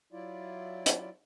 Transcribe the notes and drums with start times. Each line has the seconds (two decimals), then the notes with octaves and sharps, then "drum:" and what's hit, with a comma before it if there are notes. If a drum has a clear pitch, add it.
0.12 F#3 E4 F4 D5
0.86 drum: hi-hat